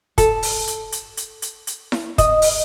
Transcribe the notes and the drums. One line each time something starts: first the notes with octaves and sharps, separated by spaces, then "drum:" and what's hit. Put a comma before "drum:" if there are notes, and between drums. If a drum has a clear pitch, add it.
A4, drum: kick, hi-hat
drum: open hi-hat
drum: hi-hat
drum: hi-hat
drum: hi-hat
drum: hi-hat
drum: hi-hat
drum: snare E4
D#5, drum: kick, hi-hat
drum: open hi-hat